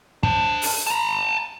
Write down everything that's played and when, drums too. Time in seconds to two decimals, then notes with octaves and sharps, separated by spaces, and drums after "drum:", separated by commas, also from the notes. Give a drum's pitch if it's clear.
0.23 D4 C5, drum: kick
0.62 drum: open hi-hat
0.87 A5 A#5